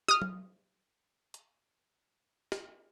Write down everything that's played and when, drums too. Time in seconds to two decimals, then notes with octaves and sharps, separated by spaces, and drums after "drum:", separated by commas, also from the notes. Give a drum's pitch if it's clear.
0.08 D#6 F6, drum: snare
0.22 drum: tom
1.34 drum: hi-hat
2.52 drum: snare